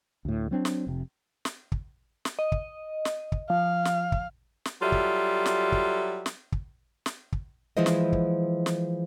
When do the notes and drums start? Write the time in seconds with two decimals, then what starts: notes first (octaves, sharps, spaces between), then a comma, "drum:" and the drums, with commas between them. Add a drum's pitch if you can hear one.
0.25 D2 A2
0.51 F#3 C4 D4
0.65 drum: snare
0.87 F1 C3
1.45 drum: snare
1.72 drum: kick
2.25 drum: snare
2.39 D#5
2.52 drum: kick
3.05 drum: snare
3.32 drum: kick
3.50 F3 F5
3.85 drum: snare
4.12 drum: kick
4.65 drum: snare
4.82 F#3 G3 F4 A4 E5
4.92 drum: kick
5.46 drum: snare
5.72 drum: kick
6.26 drum: snare
6.52 drum: kick
7.06 drum: snare
7.32 drum: kick
7.77 E3 F3 G#3 E4 C5 D#5
7.86 drum: snare
8.13 drum: kick
8.66 drum: snare